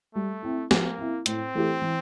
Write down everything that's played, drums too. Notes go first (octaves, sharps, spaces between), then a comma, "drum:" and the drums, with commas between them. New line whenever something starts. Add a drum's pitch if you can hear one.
G3 A3
C4 E4
F3 A#3, drum: snare
C4 E4
A2 C4, drum: hi-hat
E3 A3 E4 G4
E3